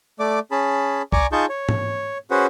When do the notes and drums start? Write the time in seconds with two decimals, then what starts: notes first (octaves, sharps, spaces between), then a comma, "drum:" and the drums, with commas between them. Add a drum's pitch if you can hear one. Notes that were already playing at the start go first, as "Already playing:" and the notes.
0.19 A3 D5 D6
0.51 C#4 G#4 A5 B5
1.12 D5 G#5 A#5 C#6 D6, drum: kick
1.32 D#4 F4 G#4 A5 C#6 G6
1.49 C#5
1.69 drum: tom G#2
2.31 C#4 F#4 G#4 B4 C5 F#5